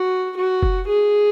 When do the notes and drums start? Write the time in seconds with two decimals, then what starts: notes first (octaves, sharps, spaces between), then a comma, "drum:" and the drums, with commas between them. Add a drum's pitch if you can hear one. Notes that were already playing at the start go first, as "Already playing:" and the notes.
Already playing: F#4
0.36 F#4
0.63 drum: kick F1
0.88 G#4